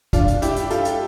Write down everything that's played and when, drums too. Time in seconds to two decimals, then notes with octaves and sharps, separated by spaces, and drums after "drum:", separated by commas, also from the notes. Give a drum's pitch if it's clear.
0.13 D4 F4, drum: kick, hi-hat
0.28 drum: hi-hat
0.42 E4 G4, drum: hi-hat
0.56 drum: hi-hat
0.70 F4 A4, drum: hi-hat
0.85 drum: hi-hat